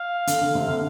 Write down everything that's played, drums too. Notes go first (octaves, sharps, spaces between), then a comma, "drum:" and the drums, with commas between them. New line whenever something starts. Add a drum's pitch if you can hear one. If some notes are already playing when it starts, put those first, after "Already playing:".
Already playing: F5
D3, drum: hi-hat
D3
C3
D3 F5